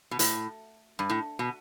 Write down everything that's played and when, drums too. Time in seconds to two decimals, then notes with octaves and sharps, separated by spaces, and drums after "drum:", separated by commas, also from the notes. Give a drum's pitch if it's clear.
0.11 B2
0.19 A2, drum: hi-hat
0.99 G2
1.10 A2
1.39 B2